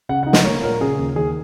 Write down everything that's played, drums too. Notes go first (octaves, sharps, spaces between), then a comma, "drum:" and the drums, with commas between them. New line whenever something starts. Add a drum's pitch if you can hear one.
C#3 F#5
D#4 F#5
D#5, drum: snare
A#3 C#5
A#2 A#4
C#3 G#4
D#2
D#3 G#4